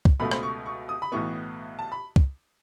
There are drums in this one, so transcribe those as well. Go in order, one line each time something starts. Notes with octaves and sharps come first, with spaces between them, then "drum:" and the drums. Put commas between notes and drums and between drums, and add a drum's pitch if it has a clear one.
drum: kick
C#2 B2 A3 B5
B5, drum: rim click
C#6
C#6
D#6
B5
B1 A2 E3 B3 C#6
A5
B5
drum: kick